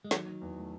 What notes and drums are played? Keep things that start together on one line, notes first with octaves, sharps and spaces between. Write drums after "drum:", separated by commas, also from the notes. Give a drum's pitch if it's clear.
G#3
D#3 F#3, drum: snare
D#3
E2
A3